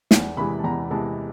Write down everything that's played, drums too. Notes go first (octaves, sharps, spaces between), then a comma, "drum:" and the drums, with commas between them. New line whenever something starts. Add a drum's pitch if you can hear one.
E2, drum: snare
C3 E3 G#3 B5
A5
E2 A#5
C3 E3 G#3 A5